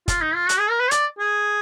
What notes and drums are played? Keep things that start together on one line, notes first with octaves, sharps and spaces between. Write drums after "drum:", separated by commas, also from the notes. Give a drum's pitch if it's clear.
F4, drum: kick, hi-hat
D#4
F4
F#4, drum: hi-hat
G#4
A#4
B4
D5, drum: hi-hat
G#4